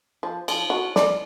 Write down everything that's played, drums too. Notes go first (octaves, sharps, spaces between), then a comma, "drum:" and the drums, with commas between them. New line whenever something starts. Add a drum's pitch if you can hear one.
F3
F3, drum: cymbal
F#4
D5, drum: snare